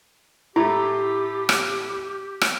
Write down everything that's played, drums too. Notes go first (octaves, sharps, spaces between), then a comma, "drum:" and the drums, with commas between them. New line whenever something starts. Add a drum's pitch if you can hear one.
A2 A3 E4 G4
drum: rim click
drum: rim click